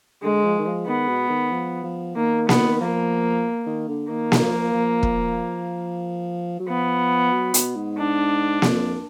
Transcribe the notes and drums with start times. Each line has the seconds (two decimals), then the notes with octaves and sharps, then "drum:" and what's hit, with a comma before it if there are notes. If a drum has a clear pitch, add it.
0.22 D3 G#3
0.44 F3
0.59 D#3
0.66 F3
0.87 D#3 B3
1.08 B2
1.29 D#3
1.51 F3
1.84 F3
2.16 D#3 A#3
2.49 B3, drum: snare A#3
2.81 F3 A#3
3.66 D#3
3.88 D3
4.09 D#3 A#3
4.32 drum: snare A#3
4.42 F3
4.74 F3
5.03 drum: kick
6.60 F#3
6.68 F3 B3
7.32 F#3
7.54 B2, drum: hi-hat
7.75 G#2
7.97 D4
8.62 F2, drum: snare A#3